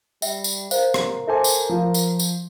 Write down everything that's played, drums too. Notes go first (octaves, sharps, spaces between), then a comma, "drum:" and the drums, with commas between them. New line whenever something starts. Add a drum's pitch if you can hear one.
G3 E5 G5, drum: tambourine
drum: tambourine
A#4 C5 F5, drum: tambourine
drum: rim click
A4 C5 E5 G#5 D6
drum: tambourine
F3
drum: tambourine
drum: tambourine